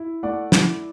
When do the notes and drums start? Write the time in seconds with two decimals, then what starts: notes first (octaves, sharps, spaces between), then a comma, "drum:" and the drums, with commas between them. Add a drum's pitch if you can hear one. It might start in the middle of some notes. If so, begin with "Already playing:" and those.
Already playing: E4
0.23 A3 D5 F#5
0.52 E4, drum: snare